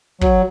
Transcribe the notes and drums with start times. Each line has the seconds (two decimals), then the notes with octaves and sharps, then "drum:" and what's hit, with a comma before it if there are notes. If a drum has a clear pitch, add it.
0.21 F#3, drum: kick